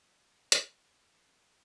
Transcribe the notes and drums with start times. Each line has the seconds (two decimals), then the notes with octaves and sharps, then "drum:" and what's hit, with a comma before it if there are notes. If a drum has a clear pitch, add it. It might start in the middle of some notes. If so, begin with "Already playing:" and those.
0.12 G#3 G4 A4
0.52 drum: hi-hat